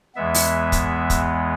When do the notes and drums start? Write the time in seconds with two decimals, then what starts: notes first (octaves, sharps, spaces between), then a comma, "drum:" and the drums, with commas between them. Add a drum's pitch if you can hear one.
0.15 E2 E3 G#3 B3 E5
0.34 drum: open hi-hat
0.72 drum: kick, hi-hat
1.10 drum: kick, hi-hat